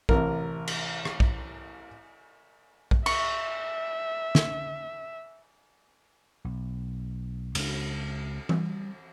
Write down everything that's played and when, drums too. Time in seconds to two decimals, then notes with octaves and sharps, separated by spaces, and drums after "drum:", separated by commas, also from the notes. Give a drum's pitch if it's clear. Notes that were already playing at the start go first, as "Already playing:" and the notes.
0.09 A1 C3 A#4, drum: kick A#1
0.67 drum: cymbal
1.05 drum: rim click
1.20 drum: kick A#1
2.91 drum: kick A#1
3.06 E5 C#6, drum: cymbal
4.35 drum: snare
6.45 B1
7.55 C#2, drum: cymbal
8.49 G3, drum: tom E3